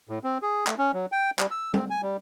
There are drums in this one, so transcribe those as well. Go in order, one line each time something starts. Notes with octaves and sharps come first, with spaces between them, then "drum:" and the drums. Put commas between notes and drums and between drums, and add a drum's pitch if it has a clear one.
A2
C4
G#4
A3, drum: clap
C#4
F#3
G5
G3, drum: clap
E6
C4, drum: tom
G#5
G3